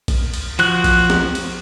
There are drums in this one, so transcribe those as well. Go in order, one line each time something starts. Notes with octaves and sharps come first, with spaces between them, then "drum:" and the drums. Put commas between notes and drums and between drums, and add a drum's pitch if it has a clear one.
drum: kick, cymbal
drum: cymbal
F3 F#4 F#6, drum: cymbal
drum: kick, cymbal
drum: snare
drum: cymbal